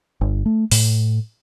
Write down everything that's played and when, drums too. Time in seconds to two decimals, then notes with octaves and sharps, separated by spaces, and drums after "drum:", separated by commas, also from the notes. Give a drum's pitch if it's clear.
0.21 G1
0.46 A3
0.72 A2, drum: open hi-hat